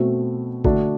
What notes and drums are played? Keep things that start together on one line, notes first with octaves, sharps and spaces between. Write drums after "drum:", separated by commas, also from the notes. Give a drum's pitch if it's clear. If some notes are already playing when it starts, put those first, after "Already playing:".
Already playing: B2 A3 C4 F#4
D3 A3 D4 F#4, drum: kick